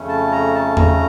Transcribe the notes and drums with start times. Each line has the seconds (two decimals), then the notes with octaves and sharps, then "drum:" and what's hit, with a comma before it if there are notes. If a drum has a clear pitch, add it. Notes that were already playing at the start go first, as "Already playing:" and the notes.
Already playing: F2 C#3 A3 C#4
0.08 A5
0.32 A#5
0.54 A5
0.77 A#5, drum: tom E2